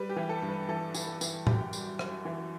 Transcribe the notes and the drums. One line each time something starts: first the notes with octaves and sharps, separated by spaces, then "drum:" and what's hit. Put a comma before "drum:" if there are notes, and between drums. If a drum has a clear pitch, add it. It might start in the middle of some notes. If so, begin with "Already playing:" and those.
Already playing: G3 B4
G4
E3
A4
G2
B4
E3 A4
E3, drum: tambourine
A4
E3, drum: tambourine
F#2 G4, drum: tom
G3, drum: tambourine
F#2, drum: rim click
E3